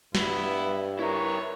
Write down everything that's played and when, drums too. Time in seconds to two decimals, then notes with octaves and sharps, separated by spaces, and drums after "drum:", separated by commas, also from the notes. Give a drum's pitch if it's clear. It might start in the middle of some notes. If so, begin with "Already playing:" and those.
0.15 G2 B3 E4, drum: snare
0.99 E4 A#4 B4 C#5